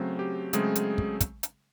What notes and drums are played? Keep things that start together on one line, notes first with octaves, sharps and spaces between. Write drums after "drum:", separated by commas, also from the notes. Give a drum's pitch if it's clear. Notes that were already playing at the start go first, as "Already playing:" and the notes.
Already playing: C#3 F#3 A3 C4
G4
C#3 F#3 G#3 A3 C4 G#4, drum: hi-hat
drum: hi-hat
drum: kick
drum: kick, hi-hat
drum: hi-hat